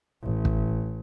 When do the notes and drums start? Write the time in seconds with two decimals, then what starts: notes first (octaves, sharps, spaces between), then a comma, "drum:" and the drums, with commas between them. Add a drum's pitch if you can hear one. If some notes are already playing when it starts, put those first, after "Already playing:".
0.22 A1
0.45 drum: kick